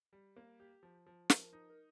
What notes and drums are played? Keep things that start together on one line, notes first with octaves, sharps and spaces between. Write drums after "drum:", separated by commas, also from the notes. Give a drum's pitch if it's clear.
G3
A#3
G4
F3
F3
F3 A#4, drum: snare
D#4
A#4